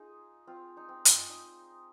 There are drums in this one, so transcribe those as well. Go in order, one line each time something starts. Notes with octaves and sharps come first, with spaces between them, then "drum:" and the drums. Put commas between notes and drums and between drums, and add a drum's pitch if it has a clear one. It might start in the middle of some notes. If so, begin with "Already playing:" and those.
Already playing: D#4 F4 G#4
C4 F4
D#4
C4
drum: hi-hat
D#4